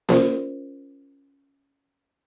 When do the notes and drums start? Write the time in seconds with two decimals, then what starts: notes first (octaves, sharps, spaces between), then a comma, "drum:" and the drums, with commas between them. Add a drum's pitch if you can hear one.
0.09 C#4 F4 A#4 C5 D5, drum: snare A#3